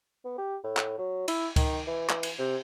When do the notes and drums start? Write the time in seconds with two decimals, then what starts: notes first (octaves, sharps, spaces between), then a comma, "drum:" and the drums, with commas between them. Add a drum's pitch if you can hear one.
0.25 B3
0.38 G4
0.64 A2
0.77 drum: clap
0.98 F#3
1.28 E4, drum: cymbal
1.56 D#3, drum: kick C#2, cymbal
1.87 E3
2.10 E3, drum: clap
2.23 drum: cymbal
2.39 C3